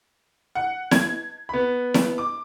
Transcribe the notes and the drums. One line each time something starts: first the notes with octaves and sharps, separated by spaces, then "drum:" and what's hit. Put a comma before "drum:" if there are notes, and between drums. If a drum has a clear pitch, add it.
F#5
G#6, drum: snare E4
B3 B5
drum: snare E4
D6